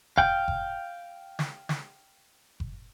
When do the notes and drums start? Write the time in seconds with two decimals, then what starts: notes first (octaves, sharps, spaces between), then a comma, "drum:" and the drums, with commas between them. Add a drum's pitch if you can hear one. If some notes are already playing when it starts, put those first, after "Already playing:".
0.18 F5 G5, drum: kick F#1
0.48 drum: kick F#1
1.39 drum: snare
1.69 drum: snare
2.60 drum: kick F#1